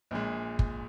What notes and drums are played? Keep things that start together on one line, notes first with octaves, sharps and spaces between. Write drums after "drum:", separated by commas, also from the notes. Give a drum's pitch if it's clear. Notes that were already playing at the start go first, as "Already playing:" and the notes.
A#1 A#2 G#3
drum: kick